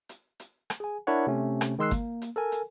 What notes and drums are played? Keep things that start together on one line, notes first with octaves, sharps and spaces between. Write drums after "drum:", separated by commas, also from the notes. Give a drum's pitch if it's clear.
drum: hi-hat
drum: hi-hat
drum: rim click
G#4 G#5
D4 E4 A#4 C#5 F#5
C3 A3 C#4
drum: rim click
D#3 G#3 C6 E6 F#6 C7
A#3, drum: kick G1, hi-hat
drum: hi-hat
A4 A#4 G#5
drum: hi-hat